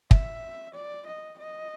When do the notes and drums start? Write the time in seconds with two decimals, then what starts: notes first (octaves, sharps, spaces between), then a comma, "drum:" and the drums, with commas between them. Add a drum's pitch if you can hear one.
0.11 E5, drum: kick
0.74 D5
1.06 D#5
1.38 D#5